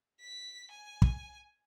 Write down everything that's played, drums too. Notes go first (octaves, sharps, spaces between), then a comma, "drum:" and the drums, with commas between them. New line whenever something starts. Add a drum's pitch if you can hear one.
B6
G#5
drum: kick